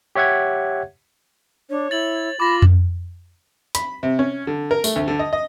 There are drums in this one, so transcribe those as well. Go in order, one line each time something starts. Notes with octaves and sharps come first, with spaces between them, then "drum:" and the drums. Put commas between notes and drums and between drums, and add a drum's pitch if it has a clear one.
G4 C#5 E5 F#5 G#6
D4 C#5
E4 A6 F#7
F4 B5 D6 A#6
drum: tom F2
B5, drum: hi-hat
C3
C#4
D3
A#4
A3, drum: tambourine
D2
D3
D#5
D#5